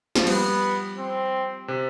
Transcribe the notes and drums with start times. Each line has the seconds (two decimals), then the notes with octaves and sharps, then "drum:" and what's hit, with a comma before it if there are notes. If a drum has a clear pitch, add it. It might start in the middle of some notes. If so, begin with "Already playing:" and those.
0.15 F3, drum: snare
0.27 G3 B3, drum: cymbal
0.97 C4
1.68 C3